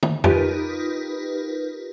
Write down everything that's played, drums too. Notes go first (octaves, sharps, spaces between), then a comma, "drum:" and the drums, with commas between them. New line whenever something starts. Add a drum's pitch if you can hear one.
drum: tom
D#4 F4 G4 A#4 B4, drum: tom